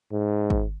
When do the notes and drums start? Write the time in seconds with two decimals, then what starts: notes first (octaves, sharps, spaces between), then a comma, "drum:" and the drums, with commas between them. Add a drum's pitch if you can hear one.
0.12 G#2
0.50 drum: kick